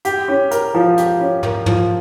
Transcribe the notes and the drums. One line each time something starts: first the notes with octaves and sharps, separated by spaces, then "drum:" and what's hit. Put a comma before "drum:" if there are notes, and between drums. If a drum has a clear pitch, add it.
G4, drum: hi-hat
C#4
A#4, drum: hi-hat
F3
G4, drum: hi-hat
C#4
A#4, drum: tom
F3, drum: tom